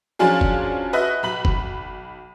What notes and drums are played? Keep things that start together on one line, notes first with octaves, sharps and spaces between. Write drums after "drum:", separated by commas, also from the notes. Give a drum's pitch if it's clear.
F3 F#3 C#4 D4 F4 G#4
drum: kick F#1
F#4 B4 D#5 E5
B1 B5 F#7
drum: kick F#1